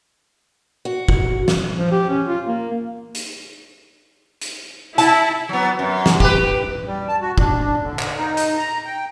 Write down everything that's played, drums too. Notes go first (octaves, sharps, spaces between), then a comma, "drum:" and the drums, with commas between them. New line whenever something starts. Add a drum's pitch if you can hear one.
F#4
drum: kick
drum: snare
F3
G4
C#4
F4
A#3
drum: hi-hat
drum: hi-hat
E4 A5, drum: hi-hat
F#3 B3
F#2
drum: snare
G4 B4, drum: kick
G3
A5
F#4
D4, drum: kick
D3
drum: clap
D#4
drum: hi-hat
A#5
G5